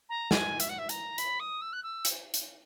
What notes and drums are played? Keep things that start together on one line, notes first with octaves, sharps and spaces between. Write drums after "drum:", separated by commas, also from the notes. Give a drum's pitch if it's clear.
A#5
G#5, drum: snare
E5, drum: hi-hat
F#5
E5
A#5, drum: hi-hat
B5, drum: hi-hat
D#6
E6
F#6
E6
drum: hi-hat
drum: hi-hat